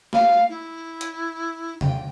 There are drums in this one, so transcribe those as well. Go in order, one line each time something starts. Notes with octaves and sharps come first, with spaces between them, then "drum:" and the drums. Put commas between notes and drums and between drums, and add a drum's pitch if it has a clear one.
F5, drum: snare
E4
drum: hi-hat
G5, drum: tom